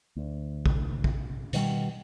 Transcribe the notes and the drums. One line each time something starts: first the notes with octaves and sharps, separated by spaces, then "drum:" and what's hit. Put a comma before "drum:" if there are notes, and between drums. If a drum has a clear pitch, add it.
D2
drum: kick
drum: kick
B2 D#3 G3, drum: hi-hat